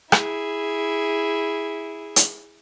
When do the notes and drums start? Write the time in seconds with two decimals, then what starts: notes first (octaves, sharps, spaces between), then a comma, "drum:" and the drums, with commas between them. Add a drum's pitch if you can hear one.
0.12 E4 G#4, drum: rim click
2.16 drum: hi-hat